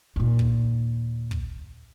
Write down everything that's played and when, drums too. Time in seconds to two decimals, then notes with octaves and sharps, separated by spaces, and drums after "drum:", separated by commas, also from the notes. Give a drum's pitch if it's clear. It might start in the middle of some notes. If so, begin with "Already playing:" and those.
0.16 D#2 A#2
0.39 drum: kick
1.31 drum: kick